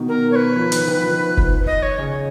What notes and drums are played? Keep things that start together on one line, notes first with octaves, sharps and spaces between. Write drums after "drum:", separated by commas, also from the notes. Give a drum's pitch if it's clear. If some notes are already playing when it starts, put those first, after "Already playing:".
Already playing: B2 D#3
A#4
C#5
B4
F3
D#3, drum: hi-hat
D#3
F3
D#3
drum: kick F1
D#5
C#5
C#3